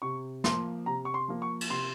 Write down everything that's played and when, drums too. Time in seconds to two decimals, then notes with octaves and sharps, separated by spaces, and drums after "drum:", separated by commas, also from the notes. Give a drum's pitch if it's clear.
0.02 C3 C#6
0.44 F3 A#3 C6, drum: snare
0.86 C3 A#5
1.05 C#6
1.14 C6
1.28 F3 A#3
1.42 C#6
1.61 drum: cymbal
1.70 C3 C6